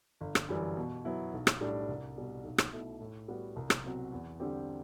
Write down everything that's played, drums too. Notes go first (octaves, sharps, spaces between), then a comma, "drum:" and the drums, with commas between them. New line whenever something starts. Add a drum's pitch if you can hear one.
G1
drum: rim click
F#2 E3 G3
B2
F#3 B3 E4
B1
drum: rim click
A2 G3 D4
C2
B2 G3
B1
drum: rim click
B2 A3 E4
A2
G3 B3 F#4
C2
drum: rim click
B2 F#3 C4 F#4
E2
D3 G3 C4 G4